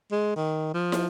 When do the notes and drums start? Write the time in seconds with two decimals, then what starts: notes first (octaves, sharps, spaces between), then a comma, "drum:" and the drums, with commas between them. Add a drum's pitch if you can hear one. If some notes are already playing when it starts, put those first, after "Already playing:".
0.12 G#3
0.36 D#3
0.74 F3
0.92 drum: snare